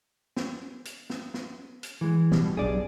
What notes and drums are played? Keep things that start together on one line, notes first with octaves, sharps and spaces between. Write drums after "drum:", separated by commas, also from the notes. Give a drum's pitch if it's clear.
drum: snare
drum: hi-hat
drum: snare
drum: snare
drum: hi-hat
E3 G#3
B2 G3, drum: snare
B1 G2 G#4 D5